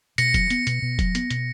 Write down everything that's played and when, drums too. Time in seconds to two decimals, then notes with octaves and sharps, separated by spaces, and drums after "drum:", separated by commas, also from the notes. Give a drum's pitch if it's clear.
0.18 B2 A#6 C#7, drum: hi-hat
0.34 F#3, drum: kick E1, hi-hat
0.50 B3, drum: hi-hat
0.67 B2, drum: hi-hat
0.82 B2
0.99 F#3, drum: kick E1, hi-hat
1.15 B3, drum: hi-hat
1.30 B2, drum: hi-hat